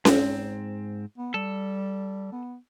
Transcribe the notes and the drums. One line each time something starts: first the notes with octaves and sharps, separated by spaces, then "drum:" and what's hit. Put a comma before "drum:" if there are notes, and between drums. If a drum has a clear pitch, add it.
G#2 C4, drum: snare C#4
B3
G3 A4
B3